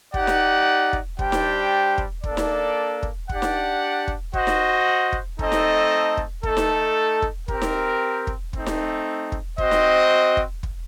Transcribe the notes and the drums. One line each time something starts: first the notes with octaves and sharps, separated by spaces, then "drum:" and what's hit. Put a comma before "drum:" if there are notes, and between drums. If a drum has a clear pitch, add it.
D#4 G4 D5 F#5, drum: kick
drum: snare D#4
drum: kick
G3 D4 G4 C5 G5, drum: kick
drum: snare D#4
drum: kick
A#3 D4 A4 D5, drum: kick
drum: snare D#4
drum: kick
D4 G4 D5 F#5, drum: kick
drum: snare D#4
drum: kick
F#4 C5 D#5 F#5, drum: kick
drum: snare D#4
drum: kick
A3 C4 D#4 A4 D#5, drum: kick
drum: snare D#4
drum: kick
A3 D#4 A4, drum: kick
drum: snare D#4
drum: kick
C4 G4 A#4, drum: kick
drum: snare D#4
drum: kick
A3 C4 D#4, drum: kick
drum: snare D#4
drum: kick
C4 F#4 C5 D#5, drum: kick
drum: snare D#4
drum: kick
drum: kick